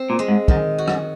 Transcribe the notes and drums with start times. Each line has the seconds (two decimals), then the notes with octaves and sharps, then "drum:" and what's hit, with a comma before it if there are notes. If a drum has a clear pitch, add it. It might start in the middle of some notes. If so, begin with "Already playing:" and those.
Already playing: C4
0.10 A#2
0.19 G#3
0.28 G#2
0.48 F#2 D#3, drum: kick
0.78 F#4
0.88 F#2, drum: rim click